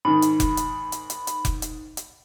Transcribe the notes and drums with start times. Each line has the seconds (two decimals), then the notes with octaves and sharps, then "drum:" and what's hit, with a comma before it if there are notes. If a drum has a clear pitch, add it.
0.05 G#2 D#3 B5
0.22 drum: hi-hat
0.40 drum: kick F1, hi-hat
0.57 drum: hi-hat
0.92 drum: hi-hat
1.10 drum: hi-hat
1.27 drum: hi-hat
1.45 drum: kick F1, hi-hat
1.62 drum: hi-hat
1.97 drum: hi-hat